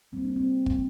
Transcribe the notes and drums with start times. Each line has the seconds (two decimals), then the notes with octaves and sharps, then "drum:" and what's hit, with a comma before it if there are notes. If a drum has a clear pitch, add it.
0.12 A#2 G3 A#3 C4
0.25 D4
0.36 C4
0.66 A#2 F3 A#3, drum: kick